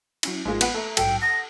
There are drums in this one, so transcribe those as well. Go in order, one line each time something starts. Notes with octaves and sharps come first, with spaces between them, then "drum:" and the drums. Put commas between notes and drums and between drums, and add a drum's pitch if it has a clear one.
F#3 C#4 E4, drum: cymbal
A1 G#2 G#3 A#3 F4
B3 B4 F#5, drum: cymbal
A3 E5 A#5
A#1 G#2 F#3 A4 G5, drum: cymbal
F#5 A5 D#6 A#6